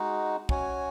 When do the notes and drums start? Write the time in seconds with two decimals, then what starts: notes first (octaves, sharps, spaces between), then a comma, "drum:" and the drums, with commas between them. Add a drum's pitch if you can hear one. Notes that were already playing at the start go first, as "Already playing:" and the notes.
Already playing: G#3 D#4 F#4
0.49 C#4 F#4 C#5 G#5, drum: kick